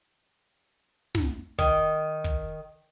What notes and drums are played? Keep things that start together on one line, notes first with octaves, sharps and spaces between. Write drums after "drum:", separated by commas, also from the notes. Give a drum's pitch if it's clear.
drum: snare
D#3, drum: kick
drum: kick